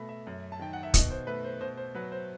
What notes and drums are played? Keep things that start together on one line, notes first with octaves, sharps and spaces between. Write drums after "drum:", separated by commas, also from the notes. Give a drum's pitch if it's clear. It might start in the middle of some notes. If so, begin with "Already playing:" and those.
Already playing: B2 A3 B5
E5
F#2
A5
D#3 G5
F#5
E5
B2 D#5, drum: kick, hi-hat
C5
A3 B4
C5
B2 C5
C5
F#3 B4
C5